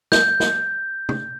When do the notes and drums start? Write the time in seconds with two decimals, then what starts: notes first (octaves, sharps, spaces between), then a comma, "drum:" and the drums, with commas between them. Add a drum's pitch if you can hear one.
0.12 G6, drum: snare
0.40 drum: snare
1.09 drum: tom